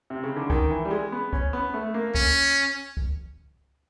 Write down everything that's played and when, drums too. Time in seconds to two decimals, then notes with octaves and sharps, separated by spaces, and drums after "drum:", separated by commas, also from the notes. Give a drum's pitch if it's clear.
0.10 C3
0.23 C#3
0.36 D3
0.50 D#3, drum: kick
0.70 E3
0.85 G3
0.91 G#3
1.12 B3
1.33 C#4, drum: kick
1.53 B3
1.74 A3
1.94 A#3
2.15 C#4, drum: kick
2.97 drum: kick